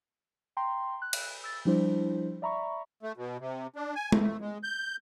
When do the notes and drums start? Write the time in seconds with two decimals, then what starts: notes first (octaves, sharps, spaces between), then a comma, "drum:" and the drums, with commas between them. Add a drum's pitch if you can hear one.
0.57 G5 A#5 C6
1.02 F#6
1.13 drum: cymbal
1.44 E6 A6
1.65 F3 G3 D4 E4 C5
2.42 D5 E5 A#5 B5 C#6
3.03 A3
3.17 B2
3.40 C3
3.76 D4
3.95 G#5
4.12 A3, drum: tom G#3
4.41 G#3
4.63 G6